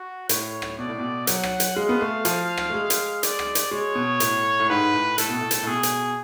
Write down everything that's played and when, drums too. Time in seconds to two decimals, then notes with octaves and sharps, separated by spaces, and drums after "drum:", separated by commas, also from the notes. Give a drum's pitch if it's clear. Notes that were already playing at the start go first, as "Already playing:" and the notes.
Already playing: F#4
0.29 A2 C#5, drum: hi-hat
0.62 drum: rim click
0.79 B2 D5
0.89 A2
0.99 B2
1.27 F#3 F#5, drum: hi-hat
1.43 drum: rim click
1.60 drum: hi-hat
1.76 G#3 F5
1.89 B3
2.01 A3
2.25 F3, drum: hi-hat
2.57 drum: rim click
2.70 A3
2.74 G#3
2.90 drum: hi-hat
3.23 D5, drum: hi-hat
3.39 drum: rim click
3.55 drum: hi-hat
3.71 G#3 C#5
3.95 B2
4.20 A2, drum: hi-hat
4.60 A2
4.69 G#2 B4
4.93 A2
5.18 A2 A4, drum: hi-hat
5.30 B2
5.40 A2
5.51 drum: hi-hat
5.63 A2
5.67 B2 G#4
5.83 drum: hi-hat